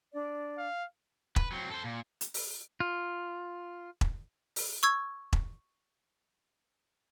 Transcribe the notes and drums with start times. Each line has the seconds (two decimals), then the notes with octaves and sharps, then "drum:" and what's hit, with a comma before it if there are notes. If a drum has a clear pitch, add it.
0.12 D4 D5
0.58 F5
1.36 B4, drum: kick E1
1.52 F#3 C4
1.70 A4 C5
1.84 A#2
2.21 drum: hi-hat
2.34 drum: open hi-hat
2.80 F4
4.01 drum: kick E1
4.56 drum: open hi-hat
4.83 C#6 E6 G#6
5.33 drum: kick E1